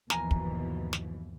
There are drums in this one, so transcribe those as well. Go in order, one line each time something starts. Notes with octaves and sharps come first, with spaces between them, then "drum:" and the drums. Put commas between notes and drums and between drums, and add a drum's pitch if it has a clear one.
G1 D#2 B2 E3 F3 A#4 G#5 A#5, drum: snare
drum: kick
drum: snare